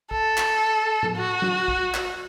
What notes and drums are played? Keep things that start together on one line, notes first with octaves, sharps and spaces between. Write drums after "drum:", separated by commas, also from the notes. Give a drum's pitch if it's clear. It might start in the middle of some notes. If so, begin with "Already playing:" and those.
A4, drum: kick
drum: clap
drum: tom A2
F#4
drum: tom F#3
drum: kick
drum: clap